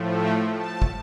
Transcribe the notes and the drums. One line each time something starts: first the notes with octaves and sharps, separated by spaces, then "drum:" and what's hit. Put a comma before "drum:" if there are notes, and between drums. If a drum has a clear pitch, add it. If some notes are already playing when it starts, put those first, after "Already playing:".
Already playing: A2 F3 A3
G5
A5
drum: kick